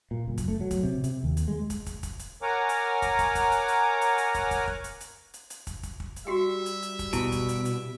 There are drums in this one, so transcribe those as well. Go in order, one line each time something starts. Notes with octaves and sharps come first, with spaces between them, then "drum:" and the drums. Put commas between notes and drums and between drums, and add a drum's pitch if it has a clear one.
A#2
F#1
drum: kick, hi-hat
A3
F#3
drum: kick, hi-hat
C3
C3, drum: hi-hat
D#2
drum: hi-hat
G#3
drum: kick, hi-hat
drum: kick, hi-hat
drum: kick, hi-hat
drum: hi-hat
A#4 C#5 F#5 G#5 A#5 D6
drum: hi-hat
drum: kick, hi-hat
drum: kick, hi-hat
drum: kick, hi-hat
drum: hi-hat
drum: hi-hat
drum: hi-hat
drum: hi-hat
drum: kick, hi-hat
drum: kick, hi-hat
drum: kick
drum: hi-hat
drum: hi-hat
drum: hi-hat
drum: hi-hat
drum: kick, hi-hat
drum: kick, hi-hat
drum: kick
drum: hi-hat
G3 F#4 G4 E5 G5
drum: hi-hat
drum: hi-hat
drum: kick, hi-hat
B2 E4, drum: kick, hi-hat
drum: kick, hi-hat
drum: hi-hat
drum: hi-hat